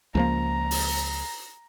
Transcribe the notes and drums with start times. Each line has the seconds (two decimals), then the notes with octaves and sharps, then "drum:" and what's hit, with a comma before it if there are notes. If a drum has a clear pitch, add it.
0.15 C#2 F3 A#3 A#5
0.71 drum: open hi-hat